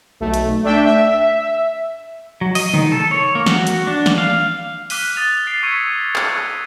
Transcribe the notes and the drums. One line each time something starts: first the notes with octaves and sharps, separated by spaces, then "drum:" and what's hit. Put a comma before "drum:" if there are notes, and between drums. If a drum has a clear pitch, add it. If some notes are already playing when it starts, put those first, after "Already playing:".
B1 A3
drum: hi-hat
A3 D4 E5 G5
E5
F#3
D#5, drum: open hi-hat
D#3, drum: tom
A4
C#5
A#3
F#4, drum: snare
drum: hi-hat
D4
drum: snare
F5
D6 F6 F#6 B6 D#7 G7, drum: open hi-hat
D6 D#6 A6 F7 G7
D#6 F6 A6 C7 D7 F7
C#6 E6 G#6 B6 C#7 D#7
B6
drum: clap